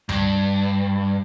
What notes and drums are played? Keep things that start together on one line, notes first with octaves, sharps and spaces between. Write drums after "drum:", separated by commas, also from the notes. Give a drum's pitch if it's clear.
G2, drum: tom C#2